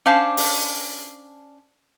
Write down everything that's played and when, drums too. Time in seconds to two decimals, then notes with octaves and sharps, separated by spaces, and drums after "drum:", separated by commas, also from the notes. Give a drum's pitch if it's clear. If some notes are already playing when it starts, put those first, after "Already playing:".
0.06 C#4 D4 C5 F5 A5
0.37 drum: open hi-hat